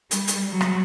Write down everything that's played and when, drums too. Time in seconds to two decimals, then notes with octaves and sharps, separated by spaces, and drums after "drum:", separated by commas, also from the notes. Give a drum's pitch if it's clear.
0.11 G3, drum: hi-hat
0.27 drum: hi-hat
0.51 F#3
0.61 drum: rim click